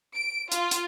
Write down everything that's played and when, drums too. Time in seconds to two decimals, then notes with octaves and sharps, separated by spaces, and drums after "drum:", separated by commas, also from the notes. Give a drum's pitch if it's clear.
0.14 D7
0.52 F4, drum: hi-hat
0.71 drum: hi-hat